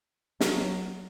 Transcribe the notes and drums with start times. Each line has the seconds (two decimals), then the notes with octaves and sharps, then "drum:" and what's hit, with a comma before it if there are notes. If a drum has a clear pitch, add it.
0.41 F#3, drum: snare